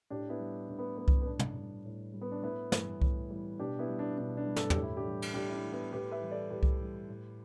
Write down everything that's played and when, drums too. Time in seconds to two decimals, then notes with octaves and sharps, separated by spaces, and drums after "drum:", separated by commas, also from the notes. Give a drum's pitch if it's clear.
0.10 A2 D4 G4
0.29 B3 E4
0.39 G3
0.68 A2 D4
0.79 B3
0.98 G3 B3
1.08 drum: kick C2
1.22 B3
1.26 A2 D4
1.39 drum: tom
1.56 G3
1.85 A2
2.14 G3
2.21 B3
2.32 D4
2.43 A2 B3 E4
2.72 E3 G3, drum: snare
3.01 A2, drum: kick C2
3.30 E3 G3
3.59 B2 D4 G4
3.79 B3 E4
3.89 G3
3.99 D4
4.18 B2 D4
4.37 D4
4.46 G3
4.56 A4, drum: snare
4.70 G4, drum: tom
4.76 A2
4.83 E4
4.97 D4 G4
5.05 E3 G3
5.22 drum: cymbal
5.34 A2 D4 G4
5.49 E4
5.53 D4
5.63 E3 G3
5.72 B3 E4
5.92 A2 G4 B4
6.11 B4 E5
6.21 E3 G3
6.31 A4 D5
6.50 A2 G4 B4
6.63 drum: kick C2
6.80 E3 G3
7.08 A2